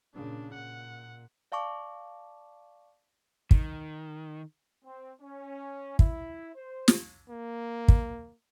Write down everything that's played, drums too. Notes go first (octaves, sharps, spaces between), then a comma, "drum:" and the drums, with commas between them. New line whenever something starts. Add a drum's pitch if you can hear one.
A#2 C#3 D4
A#2 F#5
D5 F5 A5 C#6 D6
D#3, drum: kick
C4
C#4
E4, drum: kick
C5
drum: snare
A#3
drum: kick